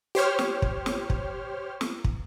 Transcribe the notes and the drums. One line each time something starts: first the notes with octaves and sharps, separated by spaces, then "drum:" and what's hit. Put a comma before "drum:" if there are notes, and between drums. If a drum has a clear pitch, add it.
G4 C5 C#5 F6
drum: snare
drum: kick
drum: snare
drum: kick
drum: snare
drum: kick